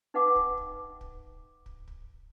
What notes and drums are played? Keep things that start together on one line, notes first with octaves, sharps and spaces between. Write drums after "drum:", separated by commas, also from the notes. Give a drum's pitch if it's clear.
D#4 B4 E5 F#5 G5 D6
drum: kick
drum: kick
drum: kick
drum: kick
drum: kick